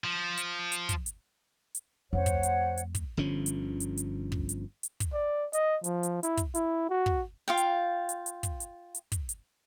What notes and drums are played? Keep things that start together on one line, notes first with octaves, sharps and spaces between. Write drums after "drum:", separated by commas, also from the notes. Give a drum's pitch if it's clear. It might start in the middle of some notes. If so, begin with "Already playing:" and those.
F3
drum: hi-hat
drum: hi-hat
drum: kick, hi-hat
drum: hi-hat
drum: hi-hat
F2 A3 C5 C#5 F#5
drum: kick, hi-hat
drum: hi-hat
drum: hi-hat
drum: kick, hi-hat
G1 D3 F3 C#4
drum: hi-hat
drum: hi-hat
drum: hi-hat
drum: kick
drum: hi-hat
drum: hi-hat
drum: kick, hi-hat
D5
D#5, drum: hi-hat
F3, drum: hi-hat
drum: hi-hat
E4, drum: hi-hat
drum: kick, hi-hat
E4, drum: hi-hat
F#4
drum: kick
F4 F5 G5
drum: hi-hat
drum: hi-hat
drum: hi-hat
drum: kick, hi-hat
drum: hi-hat
drum: hi-hat
drum: kick, hi-hat
drum: hi-hat